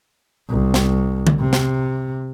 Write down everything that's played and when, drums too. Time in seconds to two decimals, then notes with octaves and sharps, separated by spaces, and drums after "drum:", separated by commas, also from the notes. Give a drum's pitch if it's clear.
0.49 C2
0.74 drum: snare
1.27 drum: tom D3
1.39 C3
1.53 drum: snare